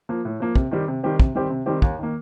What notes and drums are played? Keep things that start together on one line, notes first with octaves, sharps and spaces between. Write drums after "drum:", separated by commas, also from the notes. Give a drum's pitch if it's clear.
F3 A#3
A2
F3 A#3
C3, drum: kick
D#3 G3 C4 G4
C3
D#3 G3 C4 G4
C3, drum: kick
D#3 G3 C4 G4
C3
D#3 G3 C4 G4
D#2, drum: kick
D#3 A#3